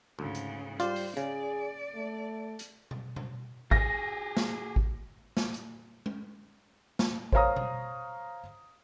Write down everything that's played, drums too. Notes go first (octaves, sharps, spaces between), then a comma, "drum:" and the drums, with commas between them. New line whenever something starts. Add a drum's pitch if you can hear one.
D2 G#2 C#3
drum: hi-hat
G3 F4 C5 D5, drum: hi-hat
drum: open hi-hat
C#3 G#4 D5, drum: hi-hat
A3
drum: hi-hat
drum: tom B2
drum: tom B2
G4 G#4 A#6, drum: kick
drum: snare
drum: kick
drum: snare
drum: hi-hat
drum: tom G#3
drum: snare
C5 C#5 F5 A#5 D#6, drum: kick
drum: tom B2